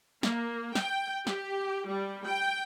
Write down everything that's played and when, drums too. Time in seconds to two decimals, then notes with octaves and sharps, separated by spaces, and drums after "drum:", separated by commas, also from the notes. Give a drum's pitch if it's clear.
0.23 A#3, drum: snare
0.75 G5, drum: snare
1.27 G4, drum: snare
1.87 G3
2.27 G5